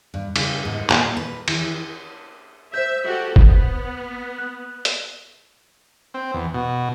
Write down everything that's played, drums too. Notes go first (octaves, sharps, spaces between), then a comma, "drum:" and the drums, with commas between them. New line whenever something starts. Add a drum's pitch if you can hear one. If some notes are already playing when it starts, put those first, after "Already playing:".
G2
C#3, drum: cymbal
G#2
A#2, drum: clap
B4
E3, drum: cymbal
C5 E5 G6
F#4 G4 A4
B3, drum: kick
F#6
drum: hi-hat
C4
E2
B2